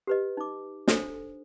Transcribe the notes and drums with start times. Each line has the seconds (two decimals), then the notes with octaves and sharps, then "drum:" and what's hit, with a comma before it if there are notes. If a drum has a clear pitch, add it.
0.07 G4 B4 D#5
0.37 D#4 D6
0.88 D4 A4 C5, drum: snare